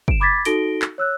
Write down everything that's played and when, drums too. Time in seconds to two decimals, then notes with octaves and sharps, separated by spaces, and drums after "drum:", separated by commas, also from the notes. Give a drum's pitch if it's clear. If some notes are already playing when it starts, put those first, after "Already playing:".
0.08 D7 E7, drum: kick
0.20 B5 D6 G#6 A6 B6
0.45 D#4 F#4 A4 A#6 D7 G7, drum: hi-hat
0.82 drum: clap
0.98 C#5 E6 F#6